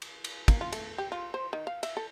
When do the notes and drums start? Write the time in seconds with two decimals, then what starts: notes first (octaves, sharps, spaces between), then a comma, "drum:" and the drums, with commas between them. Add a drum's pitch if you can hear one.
0.02 drum: cymbal
0.24 drum: cymbal
0.48 A#3, drum: kick, cymbal
0.61 F4
0.73 A3, drum: cymbal
0.98 G4
1.12 F4
1.34 C5
1.53 D#3
1.67 F5
1.83 E5, drum: cymbal
1.97 A4